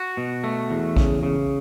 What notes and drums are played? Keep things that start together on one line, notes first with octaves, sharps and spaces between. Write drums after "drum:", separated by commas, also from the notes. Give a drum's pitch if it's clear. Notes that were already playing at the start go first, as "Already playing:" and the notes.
Already playing: F#4
B2
A3
E2
C#3, drum: kick A#1
C#3